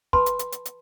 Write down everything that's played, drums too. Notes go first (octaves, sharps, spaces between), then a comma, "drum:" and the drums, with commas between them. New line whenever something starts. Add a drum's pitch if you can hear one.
B4 A5 B5 C6, drum: kick
drum: hi-hat
drum: hi-hat
drum: hi-hat
drum: hi-hat